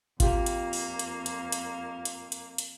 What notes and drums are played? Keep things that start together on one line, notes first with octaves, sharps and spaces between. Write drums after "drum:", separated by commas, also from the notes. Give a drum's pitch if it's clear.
F2 A#3 F4 G4, drum: kick G#1, hi-hat
drum: hi-hat
drum: open hi-hat
drum: hi-hat
drum: hi-hat
drum: hi-hat
drum: hi-hat
drum: hi-hat
drum: hi-hat